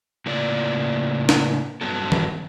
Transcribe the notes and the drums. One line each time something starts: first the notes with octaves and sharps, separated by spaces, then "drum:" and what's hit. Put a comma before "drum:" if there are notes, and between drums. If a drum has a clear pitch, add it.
A2 C#3 A#3 F4 D5
drum: snare
G2 F#3 B3 A4
drum: tom D#3